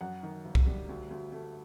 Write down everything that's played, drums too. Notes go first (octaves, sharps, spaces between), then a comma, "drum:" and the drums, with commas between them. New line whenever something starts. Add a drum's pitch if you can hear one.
F#2 F#5
D#3
G1
drum: kick
G3
D2
D2
A3